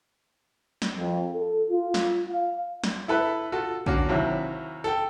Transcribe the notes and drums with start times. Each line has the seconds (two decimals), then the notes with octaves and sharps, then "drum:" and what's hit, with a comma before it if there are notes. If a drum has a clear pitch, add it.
0.82 drum: snare
0.96 F2
1.35 A4
1.70 F4
1.94 drum: snare
2.30 F5
2.84 drum: snare
3.08 E4 A4 B4
3.52 F4 F#4 A4
3.86 D3 A#3 C#4 F#4 A#4, drum: kick
4.09 D#2 C3 F#3 E4
4.84 A4 G5